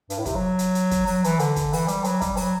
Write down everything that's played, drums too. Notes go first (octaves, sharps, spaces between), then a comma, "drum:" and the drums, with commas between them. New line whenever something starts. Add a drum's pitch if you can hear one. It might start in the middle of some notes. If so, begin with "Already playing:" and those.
G2, drum: hi-hat
A2
C3, drum: kick, hi-hat
F#3
drum: hi-hat
drum: hi-hat
drum: kick, hi-hat
F#3, drum: open hi-hat
E3, drum: hi-hat
D3, drum: hi-hat
drum: kick, hi-hat
E3, drum: open hi-hat
G3, drum: hi-hat
F#3, drum: hi-hat
G3, drum: kick, hi-hat
F#3, drum: open hi-hat